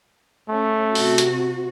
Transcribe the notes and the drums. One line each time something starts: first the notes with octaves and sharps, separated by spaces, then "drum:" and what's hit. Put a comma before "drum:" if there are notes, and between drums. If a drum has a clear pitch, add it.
A3 C#4
C3 F#4, drum: open hi-hat
drum: hi-hat